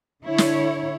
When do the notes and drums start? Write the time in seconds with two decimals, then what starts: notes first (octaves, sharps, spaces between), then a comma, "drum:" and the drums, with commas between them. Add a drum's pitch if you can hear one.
0.24 D3 E4 C#5
0.38 drum: snare